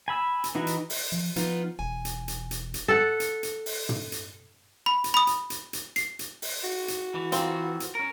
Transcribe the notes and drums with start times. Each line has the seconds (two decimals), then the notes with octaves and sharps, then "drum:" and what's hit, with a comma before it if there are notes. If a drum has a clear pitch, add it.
0.08 G#5 B5 E6
0.44 drum: hi-hat
0.55 E3 D#4 E4 F#4
0.67 drum: hi-hat
0.90 drum: open hi-hat
1.12 F3
1.36 F3 B3 D#4 F4, drum: hi-hat
1.79 E1 G#5
2.05 drum: hi-hat
2.28 drum: hi-hat
2.51 drum: hi-hat
2.74 drum: hi-hat
2.88 A4 F#5
3.20 drum: hi-hat
3.43 drum: hi-hat
3.66 drum: open hi-hat
3.89 drum: tom
4.12 drum: hi-hat
4.86 B5
5.04 drum: hi-hat
5.14 B5 D#6
5.27 drum: hi-hat
5.50 drum: hi-hat
5.73 drum: hi-hat
5.96 C7, drum: hi-hat
6.19 drum: hi-hat
6.42 drum: open hi-hat
6.64 F#4
6.88 drum: hi-hat
7.15 E3
7.32 C4 F4 A#4, drum: hi-hat
7.80 drum: hi-hat
7.95 C#4 A#4